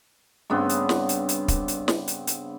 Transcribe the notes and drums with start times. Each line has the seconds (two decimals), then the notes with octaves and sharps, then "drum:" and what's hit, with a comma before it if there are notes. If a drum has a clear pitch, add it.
0.50 G2 C#3 B3 C4
0.69 drum: hi-hat
0.89 drum: snare
1.09 drum: hi-hat
1.29 drum: hi-hat
1.48 drum: kick, hi-hat
1.68 drum: hi-hat
1.88 drum: snare
2.08 drum: hi-hat
2.27 drum: hi-hat